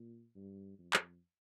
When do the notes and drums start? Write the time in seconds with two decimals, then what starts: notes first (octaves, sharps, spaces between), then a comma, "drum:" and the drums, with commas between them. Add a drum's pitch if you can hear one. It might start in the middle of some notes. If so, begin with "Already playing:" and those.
Already playing: A#2
0.36 G2
0.79 F2
0.93 drum: clap